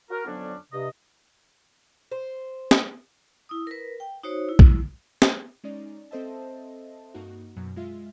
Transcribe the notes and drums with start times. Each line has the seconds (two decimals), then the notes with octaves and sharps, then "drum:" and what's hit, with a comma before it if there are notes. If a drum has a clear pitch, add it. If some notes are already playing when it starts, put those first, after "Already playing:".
0.10 F#4 A#4
0.26 F2 D3 F#3 B3 C#4 D4
0.72 G2 C3 D#5
2.12 C5
2.71 drum: snare
3.49 E4 D#6
3.67 A#4 B4
4.00 G5
4.23 D#4 F#4 C5 C#5
4.49 E4
4.59 drum: kick A#1
5.22 drum: snare
5.64 G#3 C#4 D#4 D5
6.11 C4 A4 C5 D#5 E5 A5
7.14 G2 A#3 D#4 F#4
7.56 F#2 B2 F#3
7.76 G#3 F4 E5